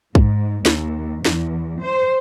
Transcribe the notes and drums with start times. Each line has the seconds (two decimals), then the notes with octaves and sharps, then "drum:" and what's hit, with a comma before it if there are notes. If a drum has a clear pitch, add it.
0.15 G#2, drum: kick
0.66 D#2, drum: snare
1.25 E2, drum: snare
1.82 C5